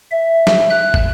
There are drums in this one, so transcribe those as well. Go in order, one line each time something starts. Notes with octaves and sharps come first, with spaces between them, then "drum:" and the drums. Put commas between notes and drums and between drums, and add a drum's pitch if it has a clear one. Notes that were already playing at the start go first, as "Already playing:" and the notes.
E5
drum: snare
F#6
drum: kick